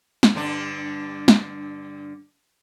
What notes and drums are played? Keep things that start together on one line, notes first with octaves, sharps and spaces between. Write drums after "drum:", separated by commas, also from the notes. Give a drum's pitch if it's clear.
drum: snare
G2 D3 D4
drum: snare